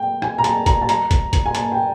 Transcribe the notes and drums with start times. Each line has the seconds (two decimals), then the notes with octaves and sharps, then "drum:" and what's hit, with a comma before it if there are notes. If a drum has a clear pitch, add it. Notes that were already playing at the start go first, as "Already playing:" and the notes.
Already playing: G5
0.22 G#5, drum: rim click
0.38 A#5
0.44 A5, drum: hi-hat
0.66 A#5, drum: kick, hi-hat
0.82 A5
0.89 A#5, drum: hi-hat
1.11 drum: kick, hi-hat
1.33 drum: kick, hi-hat
1.46 G#5
1.55 A5, drum: hi-hat
1.72 G5